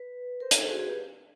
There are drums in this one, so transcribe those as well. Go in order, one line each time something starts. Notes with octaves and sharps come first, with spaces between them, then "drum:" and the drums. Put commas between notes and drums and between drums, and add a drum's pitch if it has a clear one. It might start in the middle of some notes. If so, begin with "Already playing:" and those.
Already playing: B4
A#4 C5
A4 C#5, drum: hi-hat
G#4 C5
F#4
G#4
G4 B4